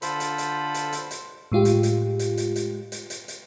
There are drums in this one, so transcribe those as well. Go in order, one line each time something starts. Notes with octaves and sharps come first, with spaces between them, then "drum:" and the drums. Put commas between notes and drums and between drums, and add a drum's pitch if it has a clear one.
D3 F4 A4 C5 B5, drum: hi-hat
drum: hi-hat
drum: hi-hat
drum: hi-hat
drum: hi-hat
drum: hi-hat
A2 G#3 F4 G4
drum: hi-hat
drum: hi-hat
drum: hi-hat
drum: hi-hat
drum: hi-hat
drum: hi-hat
drum: hi-hat
drum: hi-hat